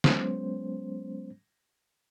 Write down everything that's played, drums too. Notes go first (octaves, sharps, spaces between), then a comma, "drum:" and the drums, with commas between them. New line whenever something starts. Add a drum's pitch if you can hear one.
F#3 G#3 B3 C#4 C5, drum: snare